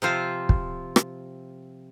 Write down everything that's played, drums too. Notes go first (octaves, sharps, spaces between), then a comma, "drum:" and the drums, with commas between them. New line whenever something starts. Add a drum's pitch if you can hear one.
C3 F3 C4 F4 C5
drum: kick
drum: rim click